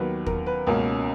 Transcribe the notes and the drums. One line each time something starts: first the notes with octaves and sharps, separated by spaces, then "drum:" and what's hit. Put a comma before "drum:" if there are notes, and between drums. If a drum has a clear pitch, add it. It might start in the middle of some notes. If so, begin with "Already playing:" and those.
Already playing: D#2 D#3 F#3 B3 B4
A#4, drum: kick
B4
C#2 B2 A#3 C#4 A#4